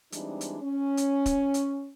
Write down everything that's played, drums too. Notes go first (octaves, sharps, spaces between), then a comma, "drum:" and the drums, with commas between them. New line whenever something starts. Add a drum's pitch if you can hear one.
E3 G3 G#3 C4 D4 D#4, drum: hi-hat
drum: hi-hat
C#4
drum: hi-hat
drum: kick D#1, hi-hat
drum: hi-hat